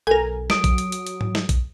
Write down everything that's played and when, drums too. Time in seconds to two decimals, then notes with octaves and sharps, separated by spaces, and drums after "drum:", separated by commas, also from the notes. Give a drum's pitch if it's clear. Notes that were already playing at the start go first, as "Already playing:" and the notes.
0.07 B1 A4 A#4 G#5
0.50 F#3 D#6 D7, drum: snare
0.64 drum: kick A#1, hi-hat
0.78 drum: hi-hat
0.92 drum: hi-hat
1.07 drum: hi-hat
1.21 drum: tom G#2
1.35 drum: snare
1.49 drum: kick A#1, hi-hat